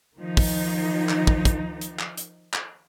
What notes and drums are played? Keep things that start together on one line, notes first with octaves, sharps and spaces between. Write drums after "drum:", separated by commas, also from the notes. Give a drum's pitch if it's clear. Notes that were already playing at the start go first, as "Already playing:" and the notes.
D#3 F3 D#4
drum: kick, open hi-hat
drum: clap
drum: kick
drum: kick, hi-hat
drum: hi-hat
drum: clap
drum: hi-hat
drum: clap